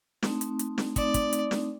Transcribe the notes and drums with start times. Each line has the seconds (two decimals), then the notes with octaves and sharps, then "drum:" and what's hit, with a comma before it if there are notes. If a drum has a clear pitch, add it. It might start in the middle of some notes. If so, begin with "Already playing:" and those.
0.23 A3 C4 D#4, drum: snare
0.41 drum: hi-hat
0.59 drum: hi-hat
0.78 drum: snare
0.96 A3 C4 D#4 D5, drum: kick, hi-hat
1.14 drum: kick, hi-hat
1.33 drum: hi-hat
1.51 drum: snare